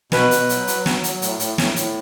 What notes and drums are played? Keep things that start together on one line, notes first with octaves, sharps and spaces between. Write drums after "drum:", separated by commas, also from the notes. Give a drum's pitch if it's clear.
B2 B4, drum: snare
B2, drum: hi-hat
F#3, drum: hi-hat
F#3, drum: hi-hat
F#3, drum: snare
F#3, drum: hi-hat
A2, drum: hi-hat
A2, drum: hi-hat
A2, drum: snare
A2, drum: hi-hat